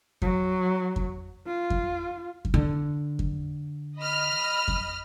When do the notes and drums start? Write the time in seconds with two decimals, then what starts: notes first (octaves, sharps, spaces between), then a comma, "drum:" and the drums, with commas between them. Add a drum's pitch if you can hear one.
0.22 F#3, drum: kick F2
0.96 drum: kick F2
1.46 F4
1.70 drum: kick F2
2.45 drum: kick F2
2.54 D3
3.19 drum: kick F2
3.98 D#5 B5 F6
4.68 drum: kick F2